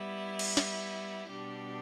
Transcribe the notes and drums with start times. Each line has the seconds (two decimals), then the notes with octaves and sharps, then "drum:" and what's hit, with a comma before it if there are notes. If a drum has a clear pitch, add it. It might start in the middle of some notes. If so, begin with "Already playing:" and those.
Already playing: G3 B3 E4
0.39 drum: cymbal
0.57 drum: snare
1.29 B2 G3 D4 G4